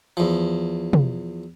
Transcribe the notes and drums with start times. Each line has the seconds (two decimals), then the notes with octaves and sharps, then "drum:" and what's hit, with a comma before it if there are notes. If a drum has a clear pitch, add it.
0.17 E2 F3
0.93 drum: tom